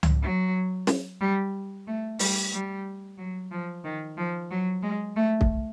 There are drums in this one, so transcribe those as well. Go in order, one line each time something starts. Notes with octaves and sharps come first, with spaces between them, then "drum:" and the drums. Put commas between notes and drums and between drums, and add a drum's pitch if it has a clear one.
drum: tom C#2
F#3
drum: snare
G3
A3
G3, drum: open hi-hat
G3
F#3
F3
D#3
F3
F#3
G#3
A3
drum: kick